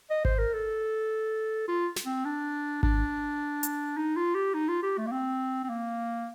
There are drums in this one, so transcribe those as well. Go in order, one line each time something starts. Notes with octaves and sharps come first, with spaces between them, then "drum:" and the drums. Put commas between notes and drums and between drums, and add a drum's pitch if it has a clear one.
D#5
C5, drum: kick G#1
A#4
A4
F4
drum: snare
C4
D4
D4, drum: kick G#1
drum: hi-hat
D#4
F4
G4
D#4
F4
G4
A3
A#3
C4
C4
A#3